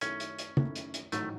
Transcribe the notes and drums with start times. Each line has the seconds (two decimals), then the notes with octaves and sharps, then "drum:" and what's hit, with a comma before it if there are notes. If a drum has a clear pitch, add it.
0.01 F#2 D#3 A3 C#4 E4, drum: hi-hat
0.20 drum: hi-hat
0.39 drum: hi-hat
0.57 F#2 D#3 A3 E4, drum: tom
0.75 drum: hi-hat
0.94 drum: hi-hat
1.12 A1 G#2 D#3 F#3 A3, drum: hi-hat